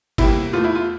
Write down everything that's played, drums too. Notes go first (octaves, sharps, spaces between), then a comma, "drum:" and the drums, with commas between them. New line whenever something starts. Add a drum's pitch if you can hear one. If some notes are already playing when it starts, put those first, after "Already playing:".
E2 C3 G3 A#3 E4, drum: kick G1, cymbal
E2 E3 A3 F4
E4
F4